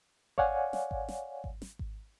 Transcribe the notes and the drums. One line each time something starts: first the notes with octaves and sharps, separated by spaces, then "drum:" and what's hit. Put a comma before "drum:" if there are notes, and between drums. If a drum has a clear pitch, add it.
C#5 D5 F5 F#5 G#5, drum: kick G#1
drum: snare
drum: kick G#1
drum: snare
drum: kick G#1
drum: snare
drum: kick G#1